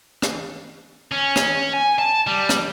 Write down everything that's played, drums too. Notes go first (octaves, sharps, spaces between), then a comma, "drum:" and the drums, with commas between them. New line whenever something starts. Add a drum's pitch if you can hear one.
drum: rim click
C#4
drum: rim click
G#5
A5
G3
drum: rim click